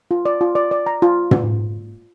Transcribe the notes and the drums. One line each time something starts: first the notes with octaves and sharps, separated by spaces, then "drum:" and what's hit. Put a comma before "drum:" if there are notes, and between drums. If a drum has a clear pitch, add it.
F4
D5
F4
D5
D5
A#5
F4
drum: tom